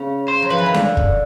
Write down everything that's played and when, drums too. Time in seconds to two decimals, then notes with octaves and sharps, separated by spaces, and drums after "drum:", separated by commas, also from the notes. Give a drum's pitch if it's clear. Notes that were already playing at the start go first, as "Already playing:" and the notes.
Already playing: C#3
0.28 C5
0.42 F#3
0.50 F3 B4
0.58 E3
0.66 D#3
0.74 D3, drum: snare C#4
0.97 drum: kick